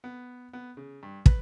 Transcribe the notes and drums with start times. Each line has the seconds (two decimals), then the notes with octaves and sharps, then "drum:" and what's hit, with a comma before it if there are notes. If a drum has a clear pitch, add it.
0.04 B3
0.53 B3
0.77 C#3
1.03 G2
1.26 B4, drum: kick